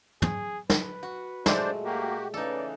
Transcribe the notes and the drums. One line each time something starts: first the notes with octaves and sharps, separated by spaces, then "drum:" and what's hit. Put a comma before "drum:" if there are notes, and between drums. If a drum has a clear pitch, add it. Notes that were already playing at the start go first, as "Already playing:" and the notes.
G#4, drum: tom
B4, drum: snare
F#4
A#2 G#3 A3 D4 C5 D5, drum: snare
A#3 F#4 G4
C#3 E3 D#4 A4 D5